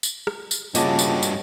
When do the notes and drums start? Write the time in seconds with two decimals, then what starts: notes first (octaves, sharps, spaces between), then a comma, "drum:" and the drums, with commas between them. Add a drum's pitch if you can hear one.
0.03 drum: tambourine
0.27 drum: rim click
0.51 drum: tambourine
0.75 G2 C#3 A#3 F4 F#4 D#5 A5 D6, drum: tambourine
0.99 drum: tambourine
1.23 drum: tambourine